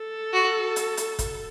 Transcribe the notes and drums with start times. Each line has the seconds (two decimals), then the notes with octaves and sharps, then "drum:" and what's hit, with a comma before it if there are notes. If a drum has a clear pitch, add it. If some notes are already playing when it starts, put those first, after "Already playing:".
Already playing: A4
0.33 F#4
0.76 drum: hi-hat
0.97 drum: hi-hat
1.19 drum: kick, hi-hat